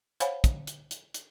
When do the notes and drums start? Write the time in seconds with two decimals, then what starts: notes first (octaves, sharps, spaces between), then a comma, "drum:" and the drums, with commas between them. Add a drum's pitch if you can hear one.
0.20 C5 C#5 F5 F#5 G#5 B5, drum: hi-hat
0.44 drum: kick, hi-hat
0.67 drum: hi-hat
0.91 drum: hi-hat
1.14 drum: hi-hat